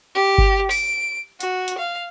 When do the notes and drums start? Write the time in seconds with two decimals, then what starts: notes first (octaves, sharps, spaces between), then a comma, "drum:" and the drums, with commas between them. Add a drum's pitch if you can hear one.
0.15 G4
0.38 drum: kick G1
0.71 D7, drum: open hi-hat
1.40 F#4, drum: hi-hat
1.68 drum: hi-hat
1.78 F5